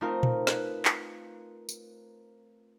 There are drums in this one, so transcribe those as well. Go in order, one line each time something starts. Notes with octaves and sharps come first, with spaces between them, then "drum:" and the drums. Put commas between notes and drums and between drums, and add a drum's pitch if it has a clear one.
A3 C4 D#4 F4 A#4
drum: tom A#2
B4, drum: snare
drum: clap
drum: tambourine